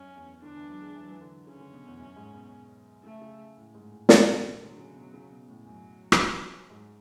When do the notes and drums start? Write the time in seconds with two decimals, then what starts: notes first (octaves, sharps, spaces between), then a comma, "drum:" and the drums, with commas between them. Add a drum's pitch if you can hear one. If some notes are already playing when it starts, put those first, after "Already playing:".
Already playing: F#2 C#4
0.16 E2
0.42 D3 D4
0.55 E3
0.69 F#3
0.81 G#3
0.95 E3
1.03 F#3
1.11 E3
1.21 D3
1.47 C#3 C#4
1.60 D3
1.73 B2
1.87 E2
1.99 F#2
2.16 G#2
2.34 B2
3.03 C#3 A3
3.22 C#3
3.57 A2
3.74 G#2
3.91 A2
4.09 F#2, drum: snare
4.21 A2
4.34 B2
4.48 C#3
4.62 D3 F#3
4.78 C#3
4.96 B2
5.14 C#3
5.31 B2
5.48 A2
5.66 F#2 F#3
6.12 drum: rim click
6.70 G#2